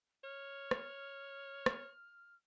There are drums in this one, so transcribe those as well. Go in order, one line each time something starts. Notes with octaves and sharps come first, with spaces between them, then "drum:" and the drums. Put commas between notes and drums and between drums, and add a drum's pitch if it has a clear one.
C#5 F6
drum: rim click
drum: rim click